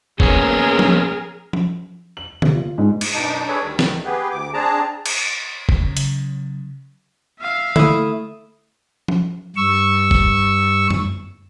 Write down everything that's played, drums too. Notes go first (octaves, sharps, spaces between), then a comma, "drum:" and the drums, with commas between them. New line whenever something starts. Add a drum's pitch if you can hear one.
A#3 B3 C#4 G#4 A#4, drum: kick
drum: tom F3
drum: tom F3
F#7
C3, drum: tom D3
F4
G#2
drum: cymbal
F#2 B2 D4 D#4
D4 G#4 A4 B4 C#5
D2 D#3 G3
drum: snare
B3 G4 G#4 B4
D2 D6
C4 D4 G#4 A5 A#5
drum: cymbal
drum: kick
C#3 F#3
drum: hi-hat
E5 F5
A3 E4 D#6, drum: tom D3
drum: tom F3
G2 C#6 E6
drum: kick
drum: tom F#2